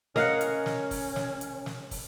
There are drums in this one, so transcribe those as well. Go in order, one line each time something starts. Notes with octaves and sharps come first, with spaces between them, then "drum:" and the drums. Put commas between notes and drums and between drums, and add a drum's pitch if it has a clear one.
C#4 A#4 D#5 F5 F#5, drum: snare
drum: hi-hat
drum: snare
drum: kick, open hi-hat
drum: snare
drum: hi-hat
drum: snare
drum: kick, open hi-hat